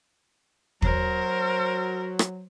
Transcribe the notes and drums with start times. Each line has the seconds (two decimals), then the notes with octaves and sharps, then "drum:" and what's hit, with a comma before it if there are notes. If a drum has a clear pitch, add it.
0.82 F#3 A#4 C5, drum: kick
2.19 drum: rim click